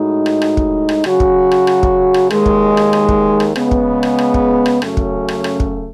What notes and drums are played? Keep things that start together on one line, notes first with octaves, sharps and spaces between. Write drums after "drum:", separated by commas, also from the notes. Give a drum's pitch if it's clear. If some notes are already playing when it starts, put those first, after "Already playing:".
Already playing: A2 G#3 D#4 F#4
drum: rim click
drum: rim click
drum: kick
drum: rim click
C#3 F#3 C#4 F#4, drum: rim click
drum: kick
drum: rim click
drum: rim click
drum: kick
drum: rim click
D#2 D#3 G#3, drum: rim click
drum: kick
drum: rim click
drum: rim click
drum: kick
drum: rim click
C#3 G#3 B3, drum: rim click
drum: kick
drum: rim click
drum: rim click
drum: kick
drum: rim click
F#2 C#3 F#3 A3 C#4, drum: rim click
drum: kick
drum: rim click
drum: rim click
drum: kick